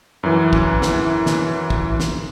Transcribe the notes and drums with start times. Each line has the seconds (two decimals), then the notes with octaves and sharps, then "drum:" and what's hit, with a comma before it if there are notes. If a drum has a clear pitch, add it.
0.23 F#2 E3
0.53 drum: kick
0.82 drum: snare
1.26 drum: snare
1.70 drum: kick
2.00 drum: snare